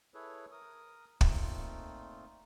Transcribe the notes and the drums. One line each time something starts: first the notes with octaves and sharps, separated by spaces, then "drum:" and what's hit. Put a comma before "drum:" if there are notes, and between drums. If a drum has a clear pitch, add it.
E4 G#4 A4 B4 C#5
A#4 D#6
A#2 A3 C4 D#4 F4, drum: kick